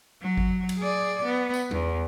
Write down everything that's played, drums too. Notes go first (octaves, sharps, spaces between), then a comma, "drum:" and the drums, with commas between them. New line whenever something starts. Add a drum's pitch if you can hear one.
F#3
drum: kick G#1
drum: cymbal
G#4 D5
B3
drum: tambourine
E2, drum: tom G3